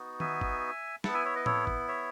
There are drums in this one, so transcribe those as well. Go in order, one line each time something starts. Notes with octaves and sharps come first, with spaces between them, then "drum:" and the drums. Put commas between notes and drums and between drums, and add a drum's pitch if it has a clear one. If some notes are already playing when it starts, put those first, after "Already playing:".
Already playing: B3 D#4 F#4
E5 G#5, drum: tom D#3
drum: kick
B3 E4 F#5 A5, drum: snare
E5 G#5
C#5 E5
B4 D#5
A4 C#5, drum: tom A2
drum: kick
C#5 E5